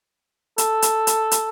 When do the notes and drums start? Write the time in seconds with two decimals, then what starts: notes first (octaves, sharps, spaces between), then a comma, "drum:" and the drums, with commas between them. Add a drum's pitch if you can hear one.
0.58 A4, drum: hi-hat
0.82 drum: hi-hat
1.07 drum: hi-hat
1.31 drum: hi-hat